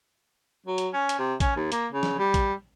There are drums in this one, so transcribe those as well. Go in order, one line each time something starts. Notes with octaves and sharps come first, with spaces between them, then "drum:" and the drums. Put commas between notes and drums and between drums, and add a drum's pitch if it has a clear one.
F#3
drum: hi-hat
C#4
drum: hi-hat
C3
C#4, drum: kick A#1, hi-hat
D#2
A#3, drum: hi-hat
C#3
drum: snare
G3
drum: kick A#1, hi-hat